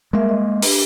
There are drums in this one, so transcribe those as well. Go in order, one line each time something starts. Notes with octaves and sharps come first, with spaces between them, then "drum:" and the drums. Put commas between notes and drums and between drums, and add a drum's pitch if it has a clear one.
G3 G#3 A#3 A#4 E5
D#5
D4 G4, drum: open hi-hat